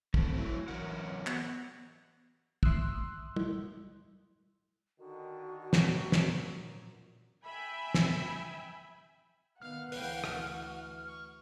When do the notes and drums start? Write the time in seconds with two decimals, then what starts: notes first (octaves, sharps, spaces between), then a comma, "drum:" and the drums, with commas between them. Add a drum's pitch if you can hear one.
0.14 A3 C4, drum: kick
0.34 F#3 E4
0.68 E3 F#3 G#3 A#4 F#5
1.26 B3, drum: clap
2.63 E5 C6 D#6 E6 F#6, drum: kick
3.36 drum: tom
4.99 D3 D#3 F#4
5.73 F#2 A#2, drum: snare
6.12 drum: snare
7.45 E5 G5 G#5 B5
7.94 drum: snare
9.62 D#3 B3 F5 F#5 F6
9.92 D2 E3 B4 F5 G5, drum: open hi-hat
10.24 F#4 F6, drum: rim click
11.07 C#6